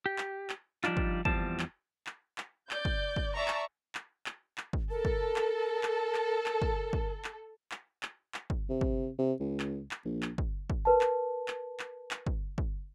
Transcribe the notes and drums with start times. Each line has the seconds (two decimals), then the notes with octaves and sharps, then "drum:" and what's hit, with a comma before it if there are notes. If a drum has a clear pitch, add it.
0.06 G4
0.18 drum: clap
0.50 drum: clap
0.84 F3 G3 D4 D#4 F4, drum: clap
0.97 drum: kick
1.25 E2 F3 G3 C4 A5, drum: kick
1.59 drum: clap
2.07 drum: clap
2.38 drum: clap
2.71 D5 G6, drum: clap
2.85 drum: kick
3.16 drum: kick
3.34 D5 E5 A5 A#5 C#6
3.48 drum: clap
3.95 drum: clap
4.26 drum: clap
4.58 drum: clap
4.73 drum: kick
4.90 A4 A#4
5.05 drum: kick
5.36 drum: clap
5.83 drum: clap
6.15 drum: clap
6.46 drum: clap
6.62 drum: kick
6.93 drum: kick
7.24 drum: clap
7.71 drum: clap
8.03 drum: clap
8.34 drum: clap
8.50 drum: kick
8.70 C3
8.81 drum: kick
9.19 C3
9.40 C#2
9.60 drum: clap
9.91 drum: clap
10.05 A#1
10.23 drum: clap
10.38 drum: kick
10.70 drum: kick
10.85 A#4 B4 A5
11.01 drum: clap
11.48 drum: clap
11.79 drum: clap
12.11 drum: clap
12.27 drum: kick
12.58 drum: kick